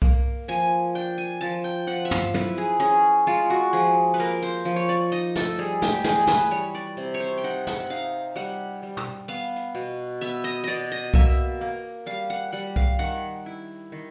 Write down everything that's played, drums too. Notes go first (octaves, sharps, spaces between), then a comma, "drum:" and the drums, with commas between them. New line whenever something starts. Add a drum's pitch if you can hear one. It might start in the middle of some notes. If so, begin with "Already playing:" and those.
A#3, drum: kick C2
F3 G#5
D4 G5
G#5
F3 A5
G5
F3 F#5
E5
F5, drum: tom
E4 B4, drum: tom
G#4
C#4 G#4
G#3 F4
F#4
F3 G#4
B4, drum: open hi-hat
A#3 A#4
C5
F3
C#5
D5
D#4 D#5
A4, drum: snare
G3 G#4
G4, drum: snare
E3 G#4, drum: snare
B4, drum: snare
G3 C#5
D5
C3
C#5
C5
G5
D#4 F#5
F#5, drum: snare
D#4 F5
G3 F#5
G3
drum: tom
B3 F5
drum: hi-hat
B2
B3 E5
D#5
B2 D5 D#5
D#5
A#3 E5, drum: kick C2
A#3
G3 F5
F#5
G3 F#5
F5, drum: kick C2
D#3 F#5
E4
D#3